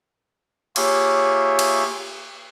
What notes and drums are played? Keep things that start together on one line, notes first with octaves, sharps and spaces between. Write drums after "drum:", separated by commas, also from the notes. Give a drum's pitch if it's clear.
A#3 F4 G4 G#4 C#5 E5, drum: cymbal
drum: cymbal